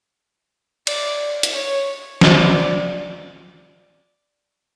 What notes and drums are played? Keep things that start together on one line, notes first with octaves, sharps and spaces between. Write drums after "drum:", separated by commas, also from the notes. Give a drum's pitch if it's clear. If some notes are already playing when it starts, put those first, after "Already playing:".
D5, drum: cymbal
drum: hi-hat
C#5
D5, drum: snare